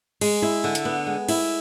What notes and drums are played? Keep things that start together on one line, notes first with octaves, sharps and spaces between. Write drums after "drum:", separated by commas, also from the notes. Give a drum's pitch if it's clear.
G#3, drum: cymbal
E4
D3
drum: hi-hat
B3
G#3
E4, drum: cymbal